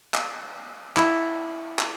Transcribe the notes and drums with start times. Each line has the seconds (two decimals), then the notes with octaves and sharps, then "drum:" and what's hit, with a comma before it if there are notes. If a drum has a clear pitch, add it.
0.14 drum: clap
0.97 E4, drum: clap
1.79 drum: clap